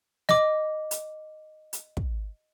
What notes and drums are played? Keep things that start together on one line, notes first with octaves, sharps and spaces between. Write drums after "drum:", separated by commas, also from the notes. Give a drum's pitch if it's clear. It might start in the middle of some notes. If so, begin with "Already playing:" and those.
D#5 D6, drum: snare
drum: hi-hat
drum: hi-hat
drum: kick